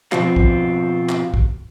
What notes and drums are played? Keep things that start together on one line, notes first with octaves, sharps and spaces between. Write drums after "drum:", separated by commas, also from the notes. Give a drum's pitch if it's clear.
B2 F3 C4 F4 F#4, drum: clap
drum: kick
drum: clap
drum: kick